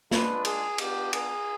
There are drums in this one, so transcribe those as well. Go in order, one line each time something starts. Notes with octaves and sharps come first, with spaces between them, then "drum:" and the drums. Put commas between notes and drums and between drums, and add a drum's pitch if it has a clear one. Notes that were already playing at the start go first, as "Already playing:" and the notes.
G#3 D4 F4 B4, drum: snare
G#4, drum: cymbal
B3 D4 F4 G4, drum: cymbal
G#4, drum: cymbal